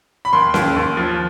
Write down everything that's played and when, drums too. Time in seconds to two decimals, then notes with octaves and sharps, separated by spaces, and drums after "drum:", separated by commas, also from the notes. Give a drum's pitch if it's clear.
0.25 B5
0.33 D#2 C6
0.54 D#2, drum: snare C#4
0.76 D#2
0.97 F3